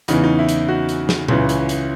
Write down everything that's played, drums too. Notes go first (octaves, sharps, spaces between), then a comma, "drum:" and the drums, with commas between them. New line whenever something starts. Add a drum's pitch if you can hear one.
E2 C#3 E3 D#4, drum: hi-hat
D#4
E4
drum: hi-hat
F#4
drum: hi-hat
drum: snare
C#2 C#3 E3, drum: tom A#2
drum: hi-hat
drum: hi-hat